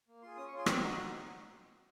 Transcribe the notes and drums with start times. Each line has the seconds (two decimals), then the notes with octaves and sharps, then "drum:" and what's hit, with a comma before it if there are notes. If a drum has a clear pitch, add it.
0.08 A#3
0.22 F4 G#4 C6
0.37 C#4 D#6
0.48 C#6
0.53 F4 G#4 C6
0.66 C4 C#6, drum: rim click
0.81 D#4 F#4 C6